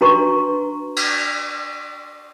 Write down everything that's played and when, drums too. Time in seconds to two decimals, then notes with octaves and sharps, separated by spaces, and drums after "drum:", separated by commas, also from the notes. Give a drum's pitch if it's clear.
0.01 D4 F#4 B4 A#5 C6 C#6
0.96 drum: cymbal